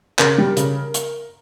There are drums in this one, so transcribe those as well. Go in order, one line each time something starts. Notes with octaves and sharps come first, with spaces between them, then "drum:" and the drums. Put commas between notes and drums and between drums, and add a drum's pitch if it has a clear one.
C#3 A#4, drum: clap
G3
C#3, drum: hi-hat
drum: hi-hat